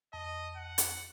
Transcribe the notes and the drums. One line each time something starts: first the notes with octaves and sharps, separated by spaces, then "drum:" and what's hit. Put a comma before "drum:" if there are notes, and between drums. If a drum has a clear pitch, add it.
F2 D#5 A5
F#5
drum: hi-hat